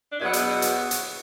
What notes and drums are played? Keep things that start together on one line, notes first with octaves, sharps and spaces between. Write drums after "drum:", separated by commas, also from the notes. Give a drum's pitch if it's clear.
D4
E2 B2 F#3 B3 E4
drum: hi-hat
drum: hi-hat
drum: hi-hat